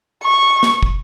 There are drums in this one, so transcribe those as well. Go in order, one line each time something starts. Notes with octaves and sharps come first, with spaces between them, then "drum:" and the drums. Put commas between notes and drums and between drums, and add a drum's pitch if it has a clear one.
C#6
drum: snare
drum: kick